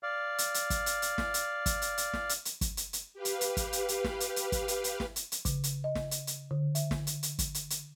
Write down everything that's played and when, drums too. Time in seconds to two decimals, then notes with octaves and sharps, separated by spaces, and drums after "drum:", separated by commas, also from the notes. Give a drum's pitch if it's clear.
0.03 D5 F5
0.38 drum: hi-hat
0.54 drum: hi-hat
0.70 drum: kick, hi-hat
0.86 drum: hi-hat
1.02 drum: hi-hat
1.18 drum: snare
1.34 drum: hi-hat
1.66 drum: kick, hi-hat
1.82 drum: hi-hat
1.98 drum: hi-hat
2.13 drum: snare
2.29 drum: hi-hat
2.45 drum: hi-hat
2.61 drum: kick, hi-hat
2.77 drum: hi-hat
2.93 drum: hi-hat
3.14 G4 B4 F5
3.25 drum: hi-hat
3.41 drum: hi-hat
3.57 drum: kick, hi-hat
3.73 drum: hi-hat
3.89 drum: hi-hat
4.04 drum: snare
4.20 drum: hi-hat
4.36 drum: hi-hat
4.52 drum: kick, hi-hat
4.68 drum: hi-hat
4.84 drum: hi-hat
5.00 drum: snare
5.16 drum: hi-hat
5.32 drum: hi-hat
5.45 C#3, drum: kick, hi-hat
5.64 drum: hi-hat
5.84 D#5
5.95 drum: snare
6.11 drum: hi-hat
6.27 drum: hi-hat
6.51 D3
6.75 E5, drum: hi-hat
6.91 drum: snare
7.07 drum: hi-hat
7.23 drum: hi-hat
7.39 drum: kick, hi-hat
7.54 drum: hi-hat
7.70 drum: hi-hat